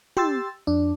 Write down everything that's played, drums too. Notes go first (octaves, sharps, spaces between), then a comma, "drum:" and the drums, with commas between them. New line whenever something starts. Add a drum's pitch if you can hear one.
G4 C6 E6 A6, drum: tom
F2 D4